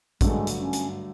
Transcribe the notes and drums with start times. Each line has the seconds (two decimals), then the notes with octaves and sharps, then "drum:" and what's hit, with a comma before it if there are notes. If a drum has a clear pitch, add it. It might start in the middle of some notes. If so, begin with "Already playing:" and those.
0.21 G2 D3 F#3 G#3 A3, drum: kick A1, hi-hat
0.47 drum: hi-hat
0.60 C#4
0.73 drum: hi-hat